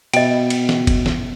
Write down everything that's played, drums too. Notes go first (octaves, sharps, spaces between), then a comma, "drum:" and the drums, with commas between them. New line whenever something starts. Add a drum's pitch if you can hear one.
B2 B3 D#5 E5 G5, drum: cymbal
drum: cymbal
drum: snare
drum: kick F#1, cymbal
drum: snare